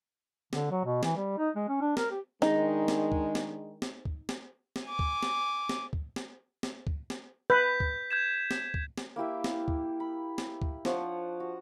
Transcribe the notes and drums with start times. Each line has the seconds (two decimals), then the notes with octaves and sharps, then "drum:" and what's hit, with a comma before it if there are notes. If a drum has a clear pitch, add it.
0.53 D3, drum: snare
0.71 F#3
0.85 B2
1.03 E3, drum: snare
1.16 G3
1.38 D#4
1.56 G#3
1.69 C#4
1.81 D4
1.97 A#4, drum: snare
2.11 G4
2.42 D#3 G#3 D4 D#4, drum: snare
2.88 drum: snare
3.12 drum: kick C#2
3.35 drum: snare
3.82 drum: snare
4.05 drum: kick C#2
4.29 drum: snare
4.76 drum: snare
4.85 G#5 D6
4.99 drum: kick C#2
5.23 drum: snare
5.69 drum: snare
5.93 drum: kick C#2
6.16 drum: snare
6.63 drum: snare
6.87 drum: kick C#2
7.10 drum: snare
7.50 B4 G6 B6
7.80 drum: kick C#2
8.11 G6 G#6 E7
8.51 drum: snare
8.74 drum: kick C#2
8.98 drum: snare
9.16 A#3 E4 G4 E5
9.44 drum: snare
9.68 drum: kick C#2
10.00 B5
10.38 drum: snare
10.62 drum: kick C#2
10.85 F3 D4 C#5 F#5, drum: snare
11.40 F#4